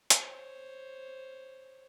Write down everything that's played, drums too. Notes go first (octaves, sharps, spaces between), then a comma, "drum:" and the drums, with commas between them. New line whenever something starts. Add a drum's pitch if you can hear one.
C5 C#5, drum: hi-hat